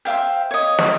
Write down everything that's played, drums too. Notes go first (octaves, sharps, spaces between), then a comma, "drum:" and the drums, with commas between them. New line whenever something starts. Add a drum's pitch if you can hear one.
C5 E5 F5 G5
C#5 D#5
drum: snare